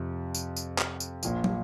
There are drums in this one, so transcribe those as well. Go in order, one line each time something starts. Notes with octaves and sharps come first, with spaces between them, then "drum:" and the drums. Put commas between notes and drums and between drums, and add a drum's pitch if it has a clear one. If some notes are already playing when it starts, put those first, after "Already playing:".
Already playing: F2 C3 F3
drum: tambourine
drum: tambourine
drum: clap
drum: tambourine
A#1 A#2 F3, drum: tambourine
drum: tom